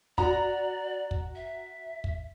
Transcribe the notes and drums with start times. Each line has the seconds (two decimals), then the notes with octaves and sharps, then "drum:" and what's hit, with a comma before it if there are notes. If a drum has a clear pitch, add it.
0.18 F#4 D5 A#5, drum: kick
1.11 drum: kick
1.36 E5
2.04 drum: kick